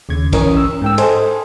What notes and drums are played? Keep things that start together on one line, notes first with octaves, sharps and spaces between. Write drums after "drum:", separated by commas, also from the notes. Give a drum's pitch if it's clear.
D#2 C#3 G#6
E3 C#4 A#4 C#5 D#6, drum: kick, cymbal
E6
G#2 G5 E6
A4 C5 D#5 G#5, drum: cymbal